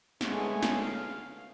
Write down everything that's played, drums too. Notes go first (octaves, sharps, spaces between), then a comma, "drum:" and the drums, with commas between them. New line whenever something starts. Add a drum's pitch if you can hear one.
D3 G#3 A3 B3 C#5 G#5, drum: snare
drum: snare
F5